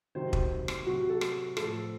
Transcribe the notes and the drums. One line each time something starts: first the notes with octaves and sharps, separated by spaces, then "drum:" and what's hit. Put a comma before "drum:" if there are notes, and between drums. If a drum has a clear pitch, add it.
C3 D#3 F#3 C5
drum: kick
drum: rim click
C3 F#3 F#4
A4
drum: rim click
A2 F3 A4, drum: rim click